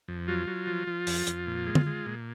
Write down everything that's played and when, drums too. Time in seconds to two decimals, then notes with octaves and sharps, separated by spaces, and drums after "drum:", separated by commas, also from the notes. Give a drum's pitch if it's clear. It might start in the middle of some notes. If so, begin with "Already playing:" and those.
0.08 F2
0.28 F#3 F4
0.47 F#3
0.67 F3
0.87 F3
1.07 F2, drum: open hi-hat
1.27 F2, drum: hi-hat
1.47 A#2
1.66 G#3
1.75 drum: tom D3
1.86 G#3
2.06 A#2